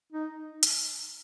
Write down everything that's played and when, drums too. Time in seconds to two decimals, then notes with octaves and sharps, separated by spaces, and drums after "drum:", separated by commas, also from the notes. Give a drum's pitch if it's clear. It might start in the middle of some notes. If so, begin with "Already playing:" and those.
0.13 D#4
0.63 drum: hi-hat